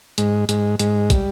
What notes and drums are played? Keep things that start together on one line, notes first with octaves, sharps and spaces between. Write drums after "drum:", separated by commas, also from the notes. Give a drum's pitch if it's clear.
G#2 G#3, drum: hi-hat
G#2 G#3, drum: hi-hat
G#2 G#3, drum: hi-hat
G3, drum: kick, hi-hat